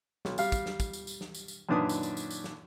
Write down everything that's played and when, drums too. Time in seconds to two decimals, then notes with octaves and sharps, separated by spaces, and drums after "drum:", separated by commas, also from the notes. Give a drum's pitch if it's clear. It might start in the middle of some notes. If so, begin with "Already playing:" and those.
0.25 B1, drum: snare
0.38 G3 F5, drum: tambourine
0.52 drum: kick, tambourine
0.66 drum: snare
0.80 drum: kick, tambourine
0.93 drum: tambourine
1.07 drum: tambourine
1.21 drum: snare
1.35 drum: tambourine
1.48 drum: tambourine
1.69 F#2 A#2 D#3 D4 B4 D#6
1.89 drum: tambourine
2.03 drum: tambourine
2.17 drum: tambourine
2.31 drum: tambourine
2.44 drum: snare